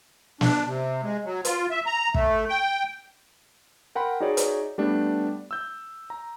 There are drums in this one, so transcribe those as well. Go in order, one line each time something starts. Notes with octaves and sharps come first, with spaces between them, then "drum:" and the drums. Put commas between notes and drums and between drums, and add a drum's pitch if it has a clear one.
D4, drum: snare
C3
G#3
F#3
F4, drum: hi-hat
E5
A#5
A3, drum: kick
G5
A#4 F#5 G5 B5 C6
D#4 F#4 G#4 C#5 D5
drum: hi-hat
G3 A3 B3 D4 G4
E6 G6
A#5